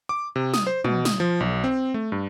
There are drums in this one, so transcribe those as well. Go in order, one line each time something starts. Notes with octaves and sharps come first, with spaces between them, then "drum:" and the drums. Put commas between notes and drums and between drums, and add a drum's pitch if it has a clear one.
D6
C3
D#6, drum: snare
C5
B2, drum: tom
D#6, drum: snare
F3
B1
C4
A3
G2